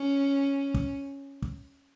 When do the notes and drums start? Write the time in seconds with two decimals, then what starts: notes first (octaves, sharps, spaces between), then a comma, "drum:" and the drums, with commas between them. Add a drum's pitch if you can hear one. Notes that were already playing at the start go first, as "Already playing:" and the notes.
Already playing: C#4
0.74 drum: kick
1.42 drum: kick